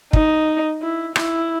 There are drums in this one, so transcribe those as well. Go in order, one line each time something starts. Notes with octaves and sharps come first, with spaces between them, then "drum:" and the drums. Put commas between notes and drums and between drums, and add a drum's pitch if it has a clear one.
D#4, drum: kick
E4
E4, drum: rim click